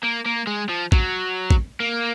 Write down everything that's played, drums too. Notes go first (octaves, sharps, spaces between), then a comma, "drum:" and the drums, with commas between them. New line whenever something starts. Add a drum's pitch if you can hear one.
A#3
A#3
G#3
F3
F#3, drum: kick
drum: kick
A#3